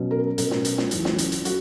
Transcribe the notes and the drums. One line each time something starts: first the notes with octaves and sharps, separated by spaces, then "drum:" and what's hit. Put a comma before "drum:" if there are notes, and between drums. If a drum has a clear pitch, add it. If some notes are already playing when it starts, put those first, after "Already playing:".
Already playing: B2 F#3 C#4
A#4
B2 F#3 C#4 A#4, drum: hi-hat
drum: snare
drum: hi-hat
drum: snare
E2 C#3 F#3, drum: hi-hat
drum: snare
drum: hi-hat
drum: hi-hat
F#3 F#4, drum: hi-hat